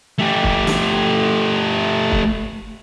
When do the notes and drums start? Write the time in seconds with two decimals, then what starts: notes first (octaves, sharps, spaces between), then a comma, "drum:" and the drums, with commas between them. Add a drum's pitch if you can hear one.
0.19 A3 G4
0.43 drum: kick
0.67 drum: snare
2.11 drum: kick